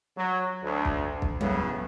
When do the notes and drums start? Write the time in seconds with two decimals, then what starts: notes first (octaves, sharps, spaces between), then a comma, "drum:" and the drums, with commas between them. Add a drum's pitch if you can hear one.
0.17 F#3
0.64 D2
0.85 drum: kick
1.22 drum: kick
1.41 A2 C#3 B3, drum: tom F#3